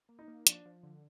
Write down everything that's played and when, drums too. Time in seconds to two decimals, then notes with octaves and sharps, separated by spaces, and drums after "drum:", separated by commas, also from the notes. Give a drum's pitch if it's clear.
0.09 A#3
0.19 D#4
0.28 A#3
0.47 F3 D4, drum: hi-hat
0.65 F3
0.83 D3